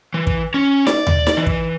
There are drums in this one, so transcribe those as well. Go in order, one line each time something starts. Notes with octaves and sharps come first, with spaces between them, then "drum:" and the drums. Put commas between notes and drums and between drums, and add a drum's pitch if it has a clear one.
E3
drum: kick
C#4
D5, drum: snare D#4
drum: tom D#2
drum: snare D#4
E3
drum: kick